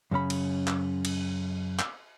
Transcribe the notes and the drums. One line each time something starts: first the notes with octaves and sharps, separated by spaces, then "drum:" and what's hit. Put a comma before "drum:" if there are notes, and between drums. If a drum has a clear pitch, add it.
F#2 C#3 C#4 B5
drum: cymbal
drum: clap
drum: cymbal
drum: clap